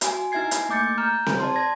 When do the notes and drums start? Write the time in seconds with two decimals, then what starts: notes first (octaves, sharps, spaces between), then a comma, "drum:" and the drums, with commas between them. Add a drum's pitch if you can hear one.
0.01 F#4 G#5, drum: hi-hat
0.32 D#4 E4 E5 G#5 G#6 C7
0.51 drum: hi-hat
0.69 A3 A#3 D6 G6 A6 C#7
0.98 A#5 F6 G6
1.26 drum: snare C4
1.40 D5 A5 C6
1.56 G#6 A#6